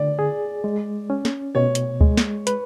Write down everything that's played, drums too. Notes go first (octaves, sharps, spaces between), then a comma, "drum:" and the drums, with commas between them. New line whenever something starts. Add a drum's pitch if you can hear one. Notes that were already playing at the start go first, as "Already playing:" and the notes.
Already playing: D3 D5
G#4
G#3
C#4
drum: snare
B2 C#5
drum: hi-hat
G#3, drum: kick D2
drum: snare
B4, drum: hi-hat